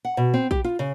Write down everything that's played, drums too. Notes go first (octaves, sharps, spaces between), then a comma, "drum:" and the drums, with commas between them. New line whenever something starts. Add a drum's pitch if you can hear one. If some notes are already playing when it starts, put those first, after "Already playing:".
F#5
B2
C4
G4, drum: kick A#1
F4
C#3